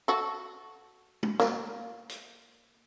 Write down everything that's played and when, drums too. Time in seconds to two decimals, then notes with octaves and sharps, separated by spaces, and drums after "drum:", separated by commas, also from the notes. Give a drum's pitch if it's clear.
0.08 F#4 A4
1.23 drum: tom
1.40 A#3, drum: snare
2.09 drum: hi-hat